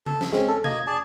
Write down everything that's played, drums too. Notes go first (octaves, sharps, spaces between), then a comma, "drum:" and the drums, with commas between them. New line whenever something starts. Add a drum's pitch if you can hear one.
A4, drum: tom C#3
drum: snare
G#3 C4 C#4, drum: snare
A4
A#3 D#5 G#6, drum: tom B2
G#4 D5 A5